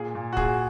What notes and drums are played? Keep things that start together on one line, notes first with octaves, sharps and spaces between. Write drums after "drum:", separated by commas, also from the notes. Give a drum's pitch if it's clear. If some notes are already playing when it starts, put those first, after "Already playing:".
Already playing: A#2 G#4
A#2
F#4
A#2 G#4, drum: kick